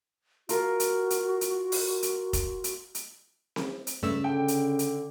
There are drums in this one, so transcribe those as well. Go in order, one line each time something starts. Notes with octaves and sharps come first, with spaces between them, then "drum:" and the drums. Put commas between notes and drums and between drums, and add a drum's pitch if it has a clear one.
F4 F#4 A#4, drum: hi-hat
drum: hi-hat
drum: hi-hat
drum: hi-hat
drum: open hi-hat
drum: hi-hat
drum: kick F1, hi-hat
drum: hi-hat
drum: hi-hat
drum: snare C4
drum: hi-hat
G2 C#3 A3 E6
D3 G5
drum: hi-hat
drum: hi-hat